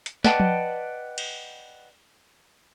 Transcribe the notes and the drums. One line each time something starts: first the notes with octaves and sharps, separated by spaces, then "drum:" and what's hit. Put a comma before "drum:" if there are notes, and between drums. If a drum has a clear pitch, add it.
drum: hi-hat
B4 D5 D#5 F#5 G5 A5, drum: snare
drum: tom F3
drum: cymbal